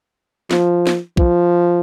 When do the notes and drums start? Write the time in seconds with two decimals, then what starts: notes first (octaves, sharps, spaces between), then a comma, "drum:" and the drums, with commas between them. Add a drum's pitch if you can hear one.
0.51 F3, drum: snare
0.87 drum: snare
1.17 F3, drum: kick B1